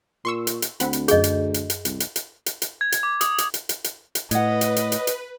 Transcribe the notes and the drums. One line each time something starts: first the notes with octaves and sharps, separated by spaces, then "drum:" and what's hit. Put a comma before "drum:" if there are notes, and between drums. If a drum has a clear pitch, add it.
A#2 C6 C#6 E6
drum: hi-hat
drum: hi-hat
D2 C4 F#5 B5, drum: hi-hat
drum: hi-hat
F#2 G#4 D#5 G6, drum: hi-hat
drum: hi-hat
drum: hi-hat
drum: hi-hat
C2, drum: hi-hat
drum: hi-hat
drum: hi-hat
drum: hi-hat
drum: hi-hat
G#6
drum: hi-hat
D6
D#6, drum: hi-hat
drum: hi-hat
drum: hi-hat
drum: hi-hat
drum: hi-hat
drum: hi-hat
A2 B4 C#5 D#5 F#5, drum: hi-hat
drum: hi-hat
drum: hi-hat
drum: hi-hat
drum: hi-hat